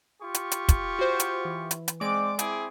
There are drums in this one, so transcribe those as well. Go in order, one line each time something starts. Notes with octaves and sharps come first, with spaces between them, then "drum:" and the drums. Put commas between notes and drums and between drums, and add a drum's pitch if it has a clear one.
F4 G4 C#6
drum: hi-hat
drum: hi-hat
drum: kick, hi-hat
F#4 C5
drum: hi-hat
E3
drum: hi-hat
drum: hi-hat
G#3 C4 D5 D6 D7
C4 E4 G#4 D6, drum: hi-hat